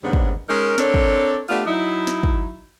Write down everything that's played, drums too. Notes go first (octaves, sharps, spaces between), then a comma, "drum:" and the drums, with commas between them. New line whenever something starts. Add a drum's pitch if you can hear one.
D#2 G#2 C#3 G3 B3 D4
drum: kick
G#3 C#4 D#4 A#4
C4 D4 A4 A#4 C#5 D5, drum: snare
drum: kick
A3 B3 D4 F4 G4
F#3 D#4 E4
drum: snare
drum: kick